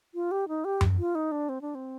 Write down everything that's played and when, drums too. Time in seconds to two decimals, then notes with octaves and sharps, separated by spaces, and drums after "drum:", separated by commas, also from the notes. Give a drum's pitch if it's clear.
0.14 F4
0.31 G4
0.48 D#4
0.65 G4
0.81 drum: tom F#2
0.99 F4
1.15 D#4
1.32 D4
1.49 C4
1.61 D4
1.75 C4